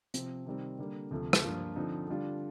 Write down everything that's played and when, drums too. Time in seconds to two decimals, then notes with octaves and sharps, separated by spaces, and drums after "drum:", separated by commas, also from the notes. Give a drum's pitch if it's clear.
0.14 C3 F3 C4, drum: hi-hat
0.45 C3 D#3 G3 C4
0.79 D3 G3 A#3
1.11 D2 C3 F3 A3
1.33 drum: rim click
1.44 G2 F3 A#3 F4
1.76 D3 F3 C4 D#4
2.08 D3 G3 D4 F4